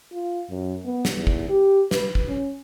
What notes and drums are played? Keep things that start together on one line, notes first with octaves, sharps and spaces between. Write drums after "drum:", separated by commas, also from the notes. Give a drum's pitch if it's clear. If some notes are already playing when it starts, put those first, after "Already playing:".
F4
F#2
B3
drum: snare
E2
drum: kick
G4
B4, drum: snare
drum: kick
C#4